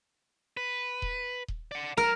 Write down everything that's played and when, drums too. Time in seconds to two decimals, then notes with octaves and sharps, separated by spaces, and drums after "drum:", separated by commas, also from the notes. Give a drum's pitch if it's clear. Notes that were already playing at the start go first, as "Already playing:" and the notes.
0.57 B4
1.02 drum: kick D#1
1.48 drum: kick D#1
1.71 D5 F#5
1.97 F#3 A#4 A#5, drum: snare